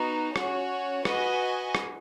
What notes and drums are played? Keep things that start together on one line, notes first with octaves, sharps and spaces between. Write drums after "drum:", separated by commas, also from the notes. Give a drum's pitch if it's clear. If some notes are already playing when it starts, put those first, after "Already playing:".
Already playing: B3 D#4 F#4
C#4 F#4 C#5, drum: rim click
F#4 B4 D#5 G#5, drum: rim click
drum: rim click